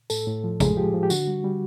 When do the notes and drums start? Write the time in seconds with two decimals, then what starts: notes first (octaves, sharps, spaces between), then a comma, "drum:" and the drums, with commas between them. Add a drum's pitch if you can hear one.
0.10 A2 A4, drum: tambourine
0.27 A2
0.44 F3
0.60 G#3 G#4, drum: kick, tambourine
0.76 F3 G4
0.94 F3
1.03 G4
1.10 D3 F#4, drum: tambourine
1.27 G3
1.44 G3